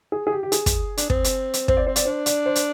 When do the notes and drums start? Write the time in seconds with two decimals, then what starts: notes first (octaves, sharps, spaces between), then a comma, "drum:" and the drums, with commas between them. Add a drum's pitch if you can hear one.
0.12 G#4
0.27 G#4
0.32 G4
0.43 G4
0.52 G#4, drum: hi-hat
0.66 drum: kick, hi-hat
0.97 D4, drum: hi-hat
1.10 C4, drum: kick
1.24 drum: hi-hat
1.54 drum: hi-hat
1.68 C4 C5, drum: kick
1.77 D5
1.87 C4 C5
1.96 D5, drum: hi-hat
2.05 D4 C5
2.26 D5, drum: hi-hat
2.46 C5
2.55 drum: hi-hat